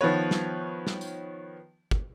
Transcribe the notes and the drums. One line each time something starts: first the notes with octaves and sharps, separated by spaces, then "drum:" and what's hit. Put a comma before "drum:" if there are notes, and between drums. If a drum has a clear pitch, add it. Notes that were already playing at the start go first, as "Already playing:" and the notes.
D#3 F3 B3 B4 C#5
drum: snare
drum: snare
drum: tambourine
drum: kick